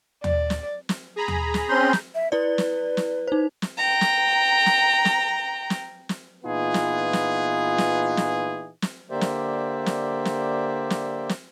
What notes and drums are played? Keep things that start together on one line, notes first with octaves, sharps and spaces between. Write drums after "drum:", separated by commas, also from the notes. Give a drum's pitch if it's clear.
D5, drum: tom
drum: snare
drum: snare
G#4 A#5 B5
drum: tom
drum: snare
C4 C#4 C6 G6
drum: snare
E5
E4 B4 D5
drum: snare
drum: snare
D#4 C5
drum: snare
G5 A#5
drum: snare
drum: snare
drum: snare
drum: snare
drum: snare
A#2 E3 B3 D#4 F4 G#4
drum: snare
drum: snare
drum: snare
drum: snare
drum: snare
D3 A#3 G4 C5 D5 E5
drum: snare
drum: snare
drum: snare
drum: snare
drum: snare